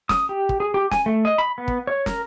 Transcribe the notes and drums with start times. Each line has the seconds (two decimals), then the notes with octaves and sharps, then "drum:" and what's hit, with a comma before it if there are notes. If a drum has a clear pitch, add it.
0.09 D#6, drum: snare
0.29 G4
0.49 drum: kick
0.60 G#4
0.74 G4
0.91 G#5, drum: snare
1.06 A3
1.25 D#5
1.38 B5
1.58 B3
1.68 drum: kick
1.87 C#5
2.06 A#4, drum: snare